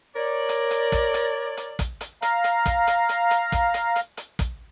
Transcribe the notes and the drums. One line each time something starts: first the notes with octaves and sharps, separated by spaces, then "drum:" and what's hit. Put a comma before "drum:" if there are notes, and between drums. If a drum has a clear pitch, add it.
A#4 C#5 D5
drum: hi-hat
drum: hi-hat
drum: kick, hi-hat
drum: hi-hat
drum: hi-hat
drum: kick, hi-hat
drum: hi-hat
F5 A#5, drum: hi-hat
drum: hi-hat
drum: kick, hi-hat
drum: hi-hat
drum: hi-hat
drum: hi-hat
drum: kick, hi-hat
drum: hi-hat
drum: hi-hat
drum: hi-hat
drum: kick, hi-hat